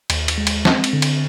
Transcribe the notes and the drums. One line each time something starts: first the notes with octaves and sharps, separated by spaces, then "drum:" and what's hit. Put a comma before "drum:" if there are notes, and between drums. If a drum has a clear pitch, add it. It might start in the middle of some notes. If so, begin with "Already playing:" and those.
D#2, drum: cymbal
drum: cymbal
G#3
drum: cymbal
C4, drum: snare
drum: cymbal
D3
drum: cymbal